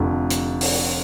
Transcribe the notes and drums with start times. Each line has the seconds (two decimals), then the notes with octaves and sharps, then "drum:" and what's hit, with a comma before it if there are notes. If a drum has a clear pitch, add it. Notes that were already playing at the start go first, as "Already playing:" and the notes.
Already playing: F1 F2 D3 A3
0.30 drum: hi-hat
0.61 drum: open hi-hat